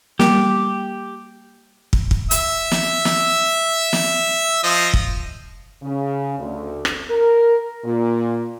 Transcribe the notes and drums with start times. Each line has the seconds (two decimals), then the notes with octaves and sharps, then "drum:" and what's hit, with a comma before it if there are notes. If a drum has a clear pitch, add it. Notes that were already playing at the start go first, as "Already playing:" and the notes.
0.19 G3 A#3 G4 D7, drum: snare
1.93 drum: kick
2.11 drum: kick
2.31 E5 E6, drum: hi-hat
2.71 drum: snare
3.05 drum: snare
3.93 drum: snare
4.63 F3 D#5
4.94 drum: kick
5.83 C#3
6.39 D2
6.85 drum: rim click
7.10 A#4
7.85 A#2